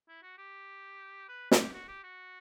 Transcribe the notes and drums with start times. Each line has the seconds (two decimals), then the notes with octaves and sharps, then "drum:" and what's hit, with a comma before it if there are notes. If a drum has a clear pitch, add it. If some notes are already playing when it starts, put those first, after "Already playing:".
0.08 E4
0.23 F#4
0.38 G4
1.29 B4
1.51 G4, drum: snare
1.74 F#4
1.88 G4
2.04 F#4